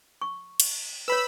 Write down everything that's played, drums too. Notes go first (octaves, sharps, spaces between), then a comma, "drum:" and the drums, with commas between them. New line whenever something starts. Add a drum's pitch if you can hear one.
C#6
drum: cymbal
B4 C#5 B5 E6